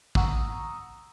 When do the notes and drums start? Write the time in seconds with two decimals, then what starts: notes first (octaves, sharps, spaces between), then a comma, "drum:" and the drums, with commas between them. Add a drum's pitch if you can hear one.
0.15 F#5 A#5 C#6 D#6 E6, drum: kick